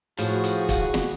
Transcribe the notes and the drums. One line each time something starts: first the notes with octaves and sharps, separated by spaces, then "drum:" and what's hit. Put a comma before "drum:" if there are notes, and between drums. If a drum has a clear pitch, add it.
A2 F3 F#4 G#4, drum: hi-hat
drum: hi-hat
drum: kick, hi-hat
drum: snare